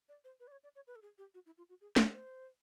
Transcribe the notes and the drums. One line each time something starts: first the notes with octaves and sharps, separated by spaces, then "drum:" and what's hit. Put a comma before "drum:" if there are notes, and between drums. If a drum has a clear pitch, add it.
D5
C5
B4
D5
C#5
D5
C#5
B4
A4
G#4
G4
F#4
E4
F4
F#4
G#4
B4, drum: snare
C#5
C5